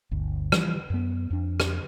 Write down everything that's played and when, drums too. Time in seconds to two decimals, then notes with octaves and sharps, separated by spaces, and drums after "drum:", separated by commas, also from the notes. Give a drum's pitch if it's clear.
0.11 G1 D2
0.52 E3 F3 G3, drum: rim click
0.90 F#2 B3
1.30 F2 D4
1.60 drum: rim click